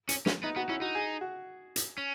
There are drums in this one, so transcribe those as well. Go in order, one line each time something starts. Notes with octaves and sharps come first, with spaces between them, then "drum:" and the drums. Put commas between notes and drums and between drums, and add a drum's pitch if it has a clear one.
C#4, drum: hi-hat
C#4, drum: snare
B3 D#4
B3 F#4
C#4 E4
D#4 F#4
G#4
F#4
drum: hi-hat
C#4